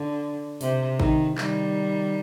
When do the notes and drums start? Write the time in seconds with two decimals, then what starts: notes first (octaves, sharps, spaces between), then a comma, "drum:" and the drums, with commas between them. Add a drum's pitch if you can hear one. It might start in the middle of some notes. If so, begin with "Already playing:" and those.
Already playing: D3
0.61 C3, drum: open hi-hat
1.00 D#3, drum: kick A1
1.38 D#3 G3, drum: clap